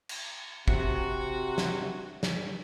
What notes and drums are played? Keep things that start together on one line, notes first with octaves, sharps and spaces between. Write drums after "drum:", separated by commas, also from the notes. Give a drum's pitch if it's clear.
drum: cymbal
C3 F#4, drum: kick
drum: snare
drum: snare